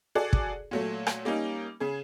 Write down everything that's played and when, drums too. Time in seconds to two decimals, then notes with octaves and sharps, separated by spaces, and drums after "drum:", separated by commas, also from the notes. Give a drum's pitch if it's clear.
0.15 F#4 G#4 A4 D5
0.33 drum: kick
0.71 A#2 F#3 A3
1.07 drum: rim click
1.25 G3 A#3 C#4 D#4
1.80 C#3 G#4